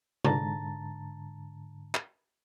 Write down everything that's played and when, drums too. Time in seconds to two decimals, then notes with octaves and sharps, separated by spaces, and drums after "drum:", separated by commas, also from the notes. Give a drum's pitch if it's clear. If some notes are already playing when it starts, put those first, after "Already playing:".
0.24 G#2 D3 A5 A#5 A6, drum: tom C3
1.95 drum: clap